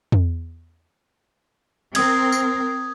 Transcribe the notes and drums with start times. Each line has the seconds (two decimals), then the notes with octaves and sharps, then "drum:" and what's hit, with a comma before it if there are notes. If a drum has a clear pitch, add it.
0.12 drum: tom
1.95 C4 A#4 D#6 G#6, drum: cymbal
2.32 drum: tambourine